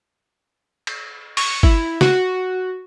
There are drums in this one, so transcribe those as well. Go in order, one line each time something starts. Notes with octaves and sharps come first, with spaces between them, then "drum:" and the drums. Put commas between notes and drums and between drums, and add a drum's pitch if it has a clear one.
drum: cymbal
C#6, drum: open hi-hat
E4, drum: kick
F#4, drum: snare